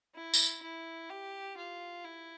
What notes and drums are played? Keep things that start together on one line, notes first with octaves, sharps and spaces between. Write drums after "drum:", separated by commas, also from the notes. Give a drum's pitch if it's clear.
E4
drum: tambourine
E4
G4
F4
E4